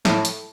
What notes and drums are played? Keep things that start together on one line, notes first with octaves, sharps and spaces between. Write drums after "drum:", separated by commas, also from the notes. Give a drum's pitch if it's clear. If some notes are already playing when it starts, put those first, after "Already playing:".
A2, drum: snare
drum: hi-hat